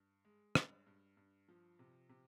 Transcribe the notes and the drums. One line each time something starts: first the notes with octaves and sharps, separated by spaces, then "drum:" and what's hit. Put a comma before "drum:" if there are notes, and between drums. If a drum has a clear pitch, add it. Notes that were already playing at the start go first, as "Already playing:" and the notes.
Already playing: G2
G#3
G2, drum: rim click
G2
G2
F3
C3
C3